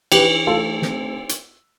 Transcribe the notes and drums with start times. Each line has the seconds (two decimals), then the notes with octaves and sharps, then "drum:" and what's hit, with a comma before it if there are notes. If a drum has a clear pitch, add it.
0.12 E3 G4 B4, drum: cymbal
0.47 A3 F4 A4
0.82 C4, drum: snare
1.29 drum: hi-hat